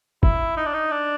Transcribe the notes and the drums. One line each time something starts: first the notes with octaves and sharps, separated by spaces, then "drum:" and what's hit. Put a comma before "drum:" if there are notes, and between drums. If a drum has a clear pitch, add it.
E4, drum: kick
D#4
D4
D#4
D4